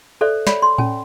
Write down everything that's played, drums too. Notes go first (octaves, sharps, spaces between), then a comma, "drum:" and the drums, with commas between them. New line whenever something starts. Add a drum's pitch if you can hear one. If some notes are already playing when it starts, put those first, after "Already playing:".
A4 C5 D5 E5
C#5 D5 B5, drum: snare
C6
C#4 G#5, drum: tom A2